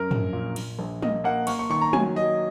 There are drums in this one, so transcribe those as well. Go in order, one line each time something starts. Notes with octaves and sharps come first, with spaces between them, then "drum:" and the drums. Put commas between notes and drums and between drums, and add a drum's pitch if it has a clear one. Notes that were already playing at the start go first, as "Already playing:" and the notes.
Already playing: F#2 A#4
A#1, drum: tom
A#2
A#2, drum: cymbal
A#1
A#3 D#5, drum: tom
A#3 F#5
A#3 C#6, drum: cymbal
C#6
D#3 C#6
A#5
F#3 G#5, drum: tom
F#3 D#5